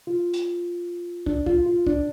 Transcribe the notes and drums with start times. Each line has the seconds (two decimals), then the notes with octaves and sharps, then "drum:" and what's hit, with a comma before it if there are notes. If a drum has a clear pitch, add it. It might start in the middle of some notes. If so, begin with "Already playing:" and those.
0.07 F4
0.34 drum: hi-hat
1.26 D4, drum: kick
1.46 F4, drum: kick
1.66 F4
1.87 D4, drum: kick